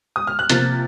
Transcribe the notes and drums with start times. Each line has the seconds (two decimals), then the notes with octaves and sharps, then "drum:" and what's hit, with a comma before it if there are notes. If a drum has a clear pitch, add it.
0.16 D#6
0.27 F6
0.39 F#6
0.50 C3 F3 A#3 A6, drum: hi-hat